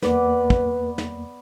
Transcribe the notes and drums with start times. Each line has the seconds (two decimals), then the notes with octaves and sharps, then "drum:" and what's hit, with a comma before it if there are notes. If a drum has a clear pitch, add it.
0.02 E2 A#3 B3 B4 D5, drum: snare
0.50 drum: kick
0.98 drum: snare